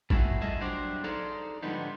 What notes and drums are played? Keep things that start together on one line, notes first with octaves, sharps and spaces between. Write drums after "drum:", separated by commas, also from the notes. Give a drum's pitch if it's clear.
G3 A3 E4 F#4 G#4 E5, drum: kick G#1
G3 F4 G#4 A4 D#5 E5
F#3 G3 D4 C5 D5
D#4 G#4 A4 C5 D5 F5
G#2 D3 F3 G3 B3 D#4